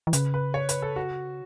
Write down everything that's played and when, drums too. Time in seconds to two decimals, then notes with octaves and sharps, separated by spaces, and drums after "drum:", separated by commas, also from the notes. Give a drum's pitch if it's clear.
0.07 E3
0.13 C#3 B4, drum: hi-hat
0.34 B4
0.54 C#5
0.69 B4, drum: hi-hat
0.82 A4
0.96 F#4